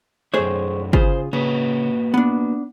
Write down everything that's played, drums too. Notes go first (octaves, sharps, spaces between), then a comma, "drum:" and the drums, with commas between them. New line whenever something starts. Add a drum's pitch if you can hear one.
F#2 A3 G#4 C5 C#5
C#3 F4 G#4 C5, drum: kick
C#3 A#3 F#4 B4
B3 D4